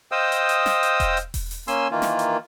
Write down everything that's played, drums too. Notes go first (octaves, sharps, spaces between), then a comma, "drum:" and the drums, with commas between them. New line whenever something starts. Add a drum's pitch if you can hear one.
C5 D#5 F5 G5 D#6 E6
drum: hi-hat
drum: hi-hat
drum: snare
drum: hi-hat
drum: kick E1, hi-hat
drum: hi-hat
drum: kick E1, open hi-hat
drum: open hi-hat
A#3 C#4 G#5 C6 E6, drum: hi-hat
D#3 E3 A#3 F4
drum: snare
drum: hi-hat